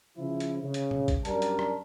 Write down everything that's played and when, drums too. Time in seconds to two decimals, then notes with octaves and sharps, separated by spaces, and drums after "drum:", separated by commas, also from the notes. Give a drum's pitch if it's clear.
0.17 C#3 F3 E4
0.40 drum: hi-hat
0.62 C#3
0.74 drum: hi-hat
0.91 drum: tom A#2
1.08 drum: kick, hi-hat
1.25 F#2 G3 D4 A#4 A5, drum: hi-hat
1.42 drum: hi-hat
1.59 drum: rim click